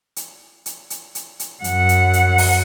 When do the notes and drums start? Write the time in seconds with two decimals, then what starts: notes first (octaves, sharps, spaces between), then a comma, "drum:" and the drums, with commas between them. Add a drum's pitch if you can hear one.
0.16 drum: hi-hat
0.66 drum: hi-hat
0.90 drum: hi-hat
1.15 drum: hi-hat
1.40 drum: hi-hat
1.64 F#2 F#5, drum: hi-hat
1.89 drum: hi-hat
2.13 drum: hi-hat
2.38 drum: open hi-hat